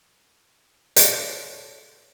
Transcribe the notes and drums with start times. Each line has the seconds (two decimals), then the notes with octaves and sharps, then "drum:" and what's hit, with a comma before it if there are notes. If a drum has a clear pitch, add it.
0.96 A4 C#5 D5, drum: hi-hat